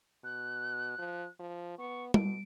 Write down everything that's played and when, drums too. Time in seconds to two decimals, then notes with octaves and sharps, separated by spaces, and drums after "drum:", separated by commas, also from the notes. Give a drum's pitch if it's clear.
0.24 B2 F#6
0.99 F3
1.39 F3
1.78 B3 C#6
2.14 B2 D7, drum: tom G3